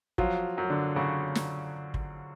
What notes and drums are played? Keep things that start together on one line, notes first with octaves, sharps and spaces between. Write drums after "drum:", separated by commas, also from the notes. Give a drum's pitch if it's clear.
F3 F#3 F4, drum: kick
F#2
D3 D4
C#3 F#3 F#4
drum: snare
drum: kick